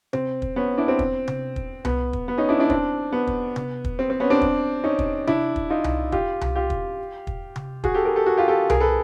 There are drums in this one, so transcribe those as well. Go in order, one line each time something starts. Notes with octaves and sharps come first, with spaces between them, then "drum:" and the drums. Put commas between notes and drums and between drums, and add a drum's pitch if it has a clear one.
C4, drum: tom C3
drum: kick
B3 C#4
D4 E4
C4
drum: kick
drum: tom C3
drum: kick
B3, drum: tom C2
drum: kick
B3
C#4 D#4
D4 E4
D4 E4
C4 D4, drum: kick
B3
drum: kick
drum: tom C3
drum: kick
C4
C4
B3 C#4
C4 D4
drum: kick
C#4 D#4
drum: kick
D4 E4, drum: tom C3
drum: kick
D#4 F4
drum: tom C2
F4 G4, drum: kick
drum: tom C2
F4 G4
drum: kick
drum: kick
drum: tom C3
F#4 G#4, drum: kick
G4 A4
G#4 A#4
G4 A4
F#4 G#4
F4 G4
G4 A4
G#4 A#4, drum: tom C2
A4 B4